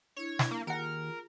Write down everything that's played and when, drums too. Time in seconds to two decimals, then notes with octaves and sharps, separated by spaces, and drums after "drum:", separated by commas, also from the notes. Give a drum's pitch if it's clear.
0.16 D4 E4 C#5
0.39 drum: snare
0.51 A#3
0.67 D#2 F4 G#4 A#4 F#5 A#5